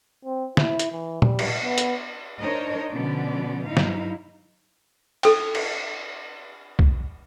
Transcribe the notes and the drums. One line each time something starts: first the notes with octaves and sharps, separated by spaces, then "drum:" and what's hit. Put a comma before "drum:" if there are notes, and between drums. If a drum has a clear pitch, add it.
C4
E4, drum: snare
drum: hi-hat
E3
G3, drum: tom A#2
drum: cymbal
B3
drum: hi-hat
D4 D#4 A#4 C5 C#5 D#5
B2 D3 F3 B3 C#4 D5
G2 F#3 D#4 E4 F5
drum: snare
A4 G5, drum: cymbal
drum: cymbal
drum: kick